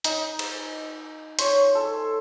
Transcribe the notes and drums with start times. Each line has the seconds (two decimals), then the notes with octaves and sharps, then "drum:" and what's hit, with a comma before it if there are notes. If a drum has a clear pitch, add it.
0.04 D#4, drum: hi-hat
0.39 drum: cymbal
1.39 C5 C#5, drum: hi-hat
1.75 A4